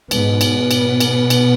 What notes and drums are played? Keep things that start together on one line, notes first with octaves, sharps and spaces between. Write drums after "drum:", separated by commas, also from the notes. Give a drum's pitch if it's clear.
G#2 B2 B3, drum: cymbal
drum: cymbal
drum: cymbal
drum: cymbal
drum: cymbal